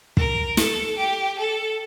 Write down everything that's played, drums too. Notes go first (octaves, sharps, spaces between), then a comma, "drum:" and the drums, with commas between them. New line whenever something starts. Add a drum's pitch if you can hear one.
A#4, drum: kick
A4, drum: snare
G4
A4